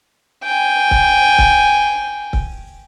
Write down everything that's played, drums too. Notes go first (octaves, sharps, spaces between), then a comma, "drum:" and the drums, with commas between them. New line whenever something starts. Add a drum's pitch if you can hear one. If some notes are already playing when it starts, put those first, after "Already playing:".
G5 G#5
drum: kick C#1
drum: kick C#1
drum: kick C#1